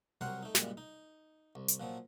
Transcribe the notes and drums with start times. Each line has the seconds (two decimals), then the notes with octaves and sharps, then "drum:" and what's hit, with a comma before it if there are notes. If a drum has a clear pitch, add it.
0.21 C2 F#3 A#4 F#5 G5 C6
0.42 A3 D#4
0.55 F#2 A#2 C#3 G3 G#3, drum: snare
0.77 D#4
1.55 C2
1.68 drum: hi-hat
1.80 A#2 F3 F#3